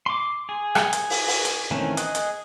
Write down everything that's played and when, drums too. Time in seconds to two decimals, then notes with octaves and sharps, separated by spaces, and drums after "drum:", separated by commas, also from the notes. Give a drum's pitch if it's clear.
0.06 C6 D6
0.49 G#4
0.75 drum: rim click
0.93 drum: hi-hat
1.10 drum: open hi-hat
1.28 drum: open hi-hat
1.45 drum: hi-hat
1.71 D#3 E3 A3 C4 C#4
1.97 G#4 D#5 D#6 F#6, drum: hi-hat
2.15 drum: hi-hat